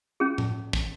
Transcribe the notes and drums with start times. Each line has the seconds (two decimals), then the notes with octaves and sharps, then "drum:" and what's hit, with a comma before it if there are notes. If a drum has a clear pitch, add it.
0.20 C#4 G#4
0.38 drum: tom A2
0.73 drum: kick